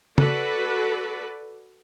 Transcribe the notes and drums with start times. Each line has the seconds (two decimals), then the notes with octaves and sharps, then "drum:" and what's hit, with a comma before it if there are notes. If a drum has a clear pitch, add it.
0.18 F#4 A4 B4 D5, drum: tom